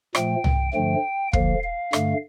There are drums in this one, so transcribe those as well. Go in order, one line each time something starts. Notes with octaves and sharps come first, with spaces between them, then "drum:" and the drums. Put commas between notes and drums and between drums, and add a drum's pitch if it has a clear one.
A#2 F3 A3 G5, drum: rim click
drum: tom C2
G2 D3 F3 A3 G5
D3 F3 A#3 F5, drum: kick
F5
G2 D3 A3, drum: rim click